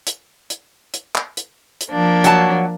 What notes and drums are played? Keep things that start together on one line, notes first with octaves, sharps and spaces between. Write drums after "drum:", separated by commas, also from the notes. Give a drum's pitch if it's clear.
drum: hi-hat
drum: hi-hat
drum: hi-hat
drum: clap
drum: hi-hat
drum: hi-hat
F3 A#3 D4
F#3 A5, drum: hi-hat